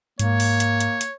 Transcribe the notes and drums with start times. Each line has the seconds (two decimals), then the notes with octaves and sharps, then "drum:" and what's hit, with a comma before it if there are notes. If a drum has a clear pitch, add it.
0.19 G#2 A#3 C#5, drum: hi-hat
0.40 drum: open hi-hat
0.60 drum: hi-hat
0.80 drum: hi-hat
1.01 drum: hi-hat